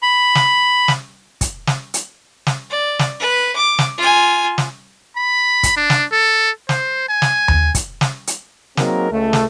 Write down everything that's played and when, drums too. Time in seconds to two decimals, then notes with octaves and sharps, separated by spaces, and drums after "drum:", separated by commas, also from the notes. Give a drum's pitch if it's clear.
0.03 B5
0.35 drum: snare
0.88 drum: snare
1.41 drum: kick, hi-hat
1.67 drum: snare
1.94 drum: hi-hat
2.47 drum: snare
2.70 D5
2.99 drum: snare
3.20 B4
3.56 D6
3.79 drum: snare
3.98 F4 G#5
4.58 drum: snare
5.16 B5
5.63 drum: kick, hi-hat
5.77 D4
5.90 drum: snare
6.12 A4
6.69 C5, drum: snare
7.09 G#5
7.22 drum: snare
7.48 drum: tom D#2
7.75 drum: kick, hi-hat
8.01 drum: snare
8.27 drum: hi-hat
8.77 F#3 A#3 C4 D#4 G#4 A#4, drum: snare
9.11 C#2 A3
9.33 drum: snare